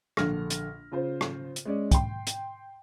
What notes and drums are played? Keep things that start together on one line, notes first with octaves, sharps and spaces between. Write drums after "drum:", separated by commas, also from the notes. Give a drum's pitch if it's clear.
A#1 D3 F6 A#6, drum: rim click
drum: hi-hat
C#3 F4 C5
drum: rim click
drum: hi-hat
G#3 C#4 D5
G5 C6, drum: kick, hi-hat
drum: hi-hat